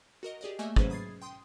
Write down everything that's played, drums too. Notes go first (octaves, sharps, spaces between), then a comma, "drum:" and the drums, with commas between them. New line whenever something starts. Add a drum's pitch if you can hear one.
F#4 A#4 D#5
G4 G#4 D5 D#5
A3 A#3 D#5 E5 G#5 C#6
G#2 F#3 C#4 G#4 B4 C5, drum: kick
B5 D#6 G#6 A6 C7
G5 C6 D#6